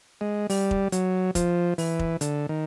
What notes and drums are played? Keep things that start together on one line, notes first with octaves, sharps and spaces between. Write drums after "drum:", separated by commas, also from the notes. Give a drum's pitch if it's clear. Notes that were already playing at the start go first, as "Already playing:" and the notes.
G#3
G3, drum: open hi-hat
drum: kick
F#3, drum: hi-hat
F3, drum: kick, hi-hat
E3, drum: open hi-hat
drum: kick
D3, drum: hi-hat
D#3